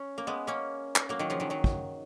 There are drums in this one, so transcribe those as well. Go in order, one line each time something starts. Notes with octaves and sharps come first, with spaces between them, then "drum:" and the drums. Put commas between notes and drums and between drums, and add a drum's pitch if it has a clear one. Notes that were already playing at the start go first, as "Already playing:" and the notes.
Already playing: C#4
A#3
G#3 B3
A#3 C#4
drum: clap
F#3 A#3
D#3 F#3
C#3 F3
D#3 F#3
D#3 F#3
drum: kick